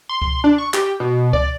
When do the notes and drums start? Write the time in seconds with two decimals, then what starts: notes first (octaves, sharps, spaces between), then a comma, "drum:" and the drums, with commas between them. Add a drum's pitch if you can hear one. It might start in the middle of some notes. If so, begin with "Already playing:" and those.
0.09 C6
0.22 drum: kick C#2
0.44 D4
0.58 C#6
0.74 G4, drum: clap
1.00 B2
1.33 D5, drum: kick C#2